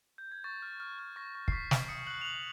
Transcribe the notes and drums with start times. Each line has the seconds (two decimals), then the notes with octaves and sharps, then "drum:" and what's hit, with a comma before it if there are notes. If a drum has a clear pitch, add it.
0.18 G6
0.32 G#6
0.44 C#6 A6
0.62 F6
0.80 F6
0.99 F6
1.16 C#6 A#6
1.35 C#6
1.48 C7, drum: kick
1.52 C#6 B6
1.71 C#6, drum: snare
1.88 D#6 C#7
2.07 F#6 F#7
2.21 F7
2.25 F#6 F#7